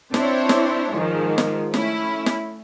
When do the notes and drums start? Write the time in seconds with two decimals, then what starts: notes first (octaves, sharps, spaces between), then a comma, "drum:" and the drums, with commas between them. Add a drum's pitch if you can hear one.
0.14 C4 D4 E4 C5 C#5, drum: snare
0.49 drum: snare
0.94 G#2 D#3 F3
1.38 drum: snare
1.74 A3 C#4 E4, drum: snare
2.26 drum: snare